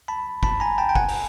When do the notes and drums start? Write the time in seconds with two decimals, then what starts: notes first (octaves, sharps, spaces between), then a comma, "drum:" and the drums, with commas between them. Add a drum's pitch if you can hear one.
0.08 A5 B5
0.43 A5 B5, drum: kick
0.60 G#5 A#5
0.78 G5 A5
0.89 G5
0.95 F#5 G#5, drum: kick
1.09 drum: open hi-hat